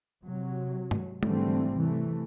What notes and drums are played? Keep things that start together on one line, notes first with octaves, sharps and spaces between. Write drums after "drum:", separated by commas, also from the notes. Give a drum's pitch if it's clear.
C3 F#3
drum: tom
G#2 D3 E3 G3 A3 C4, drum: tom
C3 E3 A3